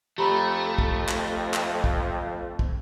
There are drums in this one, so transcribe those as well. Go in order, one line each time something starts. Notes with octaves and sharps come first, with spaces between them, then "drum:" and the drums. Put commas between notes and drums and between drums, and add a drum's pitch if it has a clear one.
F2 A3 G4 A#5 B5
drum: kick
drum: clap
drum: clap
drum: kick
drum: kick